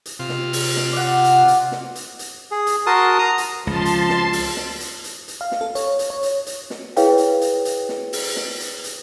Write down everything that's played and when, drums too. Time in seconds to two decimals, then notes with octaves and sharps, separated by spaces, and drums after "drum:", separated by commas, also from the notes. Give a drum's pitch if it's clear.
0.06 drum: hi-hat
0.19 C3 F4
0.29 drum: snare
0.53 drum: open hi-hat
0.77 drum: snare
0.93 D5 F#5
1.24 drum: hi-hat
1.48 drum: hi-hat
1.72 drum: snare
1.95 drum: hi-hat
2.19 drum: hi-hat
2.51 G#4
2.67 drum: hi-hat
2.86 F#4 A#4 A5 C6 D#6
3.19 A#5 D#6
3.38 drum: hi-hat
3.67 C#2 F3 A5 C6
3.85 drum: hi-hat
4.09 drum: snare
4.33 drum: open hi-hat
4.57 drum: snare
4.80 drum: hi-hat
5.04 drum: hi-hat
5.28 drum: hi-hat
5.41 F5
5.52 drum: snare
5.61 A4
5.75 C#5, drum: hi-hat
5.99 drum: hi-hat
6.10 C#5
6.23 drum: hi-hat
6.46 drum: hi-hat
6.70 drum: snare
6.97 E4 G#4 B4 C#5 F5 G5, drum: hi-hat
7.18 drum: hi-hat
7.41 drum: hi-hat
7.65 drum: hi-hat
7.89 drum: snare
8.13 drum: open hi-hat
8.36 drum: snare
8.60 drum: hi-hat
8.84 drum: hi-hat